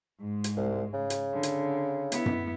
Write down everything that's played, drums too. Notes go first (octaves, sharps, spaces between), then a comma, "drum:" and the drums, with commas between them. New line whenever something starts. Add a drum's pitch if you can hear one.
G#2 G#3
drum: hi-hat
C2
C#3
drum: hi-hat
D3
drum: hi-hat
B3 E4, drum: hi-hat
drum: tom F#2